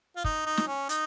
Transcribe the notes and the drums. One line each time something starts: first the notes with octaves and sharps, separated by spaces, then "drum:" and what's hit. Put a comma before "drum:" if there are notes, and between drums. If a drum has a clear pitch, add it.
F4
D#4, drum: kick
D#4
drum: snare
C#4
D#4, drum: hi-hat